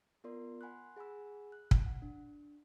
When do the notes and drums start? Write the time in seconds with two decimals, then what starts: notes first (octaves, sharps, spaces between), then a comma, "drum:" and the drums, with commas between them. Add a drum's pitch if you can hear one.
0.24 B3 F4 A#4 D5 C6
0.61 F#5 G#5 B5 C6 F#6
0.97 G#4 F#5 G#5 B5 E6
1.52 F#6
1.71 drum: kick
1.86 F#5
2.02 D4